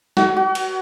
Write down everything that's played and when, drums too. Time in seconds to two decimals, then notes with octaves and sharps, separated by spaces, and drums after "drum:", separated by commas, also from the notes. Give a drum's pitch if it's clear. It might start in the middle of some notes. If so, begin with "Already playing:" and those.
0.17 F#4, drum: snare
0.36 F#4
0.55 drum: cymbal